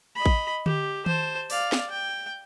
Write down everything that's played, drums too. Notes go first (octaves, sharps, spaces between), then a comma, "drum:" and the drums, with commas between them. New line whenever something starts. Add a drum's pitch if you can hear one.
D#5 B5
drum: kick
G4, drum: tom D3
C5 A5, drum: tom D#3
D5 F5, drum: open hi-hat
drum: snare
G5